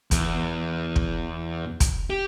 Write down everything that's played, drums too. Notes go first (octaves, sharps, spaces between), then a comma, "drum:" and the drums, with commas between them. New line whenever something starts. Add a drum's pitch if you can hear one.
E2, drum: kick, hi-hat
drum: kick
drum: kick, hi-hat
G4